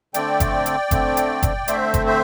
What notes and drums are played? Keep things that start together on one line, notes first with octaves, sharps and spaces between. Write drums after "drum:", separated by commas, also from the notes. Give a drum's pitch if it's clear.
D3 A3 C4 D5 G5, drum: hi-hat
drum: kick F#1, hi-hat
drum: hi-hat
D3 A3 C4, drum: kick F#1, hi-hat
drum: hi-hat
drum: kick F#1, hi-hat
D3 A3 C4 C5 E5, drum: hi-hat
drum: kick F#1, hi-hat
C5 E5